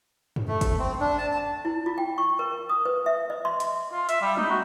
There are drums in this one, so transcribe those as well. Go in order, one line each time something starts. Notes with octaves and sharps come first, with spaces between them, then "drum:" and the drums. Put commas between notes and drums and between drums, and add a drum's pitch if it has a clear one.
drum: tom
A3
drum: kick, hi-hat
C4
D4
A5
A5
E4
F4
G5
C#6
A#4
D#6
B4
E5
D#5
C6
drum: hi-hat
F4
E5, drum: hi-hat
G3
D#4, drum: tom
F#4